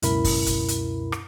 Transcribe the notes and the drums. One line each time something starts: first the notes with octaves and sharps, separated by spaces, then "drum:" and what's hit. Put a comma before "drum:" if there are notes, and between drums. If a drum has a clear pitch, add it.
C#2 F#2 B2 E4 A#4 B5, drum: hi-hat
drum: kick, open hi-hat
drum: kick, hi-hat
drum: hi-hat
drum: rim click